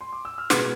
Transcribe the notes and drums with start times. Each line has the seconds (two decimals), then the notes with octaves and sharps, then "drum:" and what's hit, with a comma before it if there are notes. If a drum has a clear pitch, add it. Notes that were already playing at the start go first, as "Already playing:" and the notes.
0.01 C6
0.12 D6
0.25 E6
0.38 F6
0.50 B2 G#3 B3 G#6, drum: snare